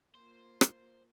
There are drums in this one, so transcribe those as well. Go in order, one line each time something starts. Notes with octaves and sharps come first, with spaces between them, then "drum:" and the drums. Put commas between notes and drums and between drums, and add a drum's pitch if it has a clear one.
A#3 F4 C5
drum: rim click